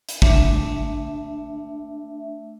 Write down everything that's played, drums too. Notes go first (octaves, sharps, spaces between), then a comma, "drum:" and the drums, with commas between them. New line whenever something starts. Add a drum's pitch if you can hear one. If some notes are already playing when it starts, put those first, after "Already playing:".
drum: hi-hat
A3 D4 E5, drum: kick